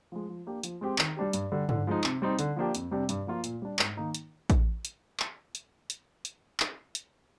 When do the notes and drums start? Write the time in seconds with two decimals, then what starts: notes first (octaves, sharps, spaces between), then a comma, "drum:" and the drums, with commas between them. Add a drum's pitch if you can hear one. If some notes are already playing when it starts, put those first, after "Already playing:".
0.12 F3 G#3
0.29 F3
0.47 A#3 D4 G4
0.63 F3, drum: hi-hat
0.81 G#3 C4 G4
0.98 D#3, drum: clap
1.16 G3 D4 G4
1.33 G2, drum: hi-hat
1.52 D3 G3
1.69 D3, drum: tom
1.87 F3 G#3 D#4
2.04 C3, drum: clap
2.22 G3 C4 D#4
2.39 D3, drum: hi-hat
2.56 F3 A#3 D4 G4
2.75 F2, drum: hi-hat
2.91 C3 G3 D4 G4
3.09 G2, drum: hi-hat
3.27 F3 A#3 F4
3.44 A#2, drum: hi-hat
3.62 G3 D4
3.79 G#2, drum: clap
3.97 D#3 A#3 D#4
4.15 drum: hi-hat
4.50 drum: kick A1, hi-hat
4.85 drum: hi-hat
5.20 drum: clap
5.55 drum: hi-hat
5.90 drum: hi-hat
6.25 drum: hi-hat
6.60 drum: clap
6.95 drum: hi-hat